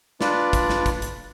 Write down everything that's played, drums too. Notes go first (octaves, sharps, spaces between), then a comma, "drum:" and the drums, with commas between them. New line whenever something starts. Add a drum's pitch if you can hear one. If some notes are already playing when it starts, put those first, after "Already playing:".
D4 F4 B4 D5, drum: snare
drum: kick, hi-hat
drum: snare
drum: kick, hi-hat
drum: hi-hat